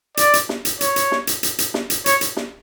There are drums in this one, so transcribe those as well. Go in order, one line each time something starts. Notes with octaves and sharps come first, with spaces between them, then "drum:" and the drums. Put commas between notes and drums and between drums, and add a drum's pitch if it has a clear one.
D5, drum: hi-hat
drum: hi-hat
drum: snare
drum: hi-hat
C#5, drum: hi-hat
drum: hi-hat
drum: snare
drum: hi-hat
drum: hi-hat
drum: hi-hat
drum: snare
drum: hi-hat
C#5, drum: hi-hat
drum: hi-hat
drum: snare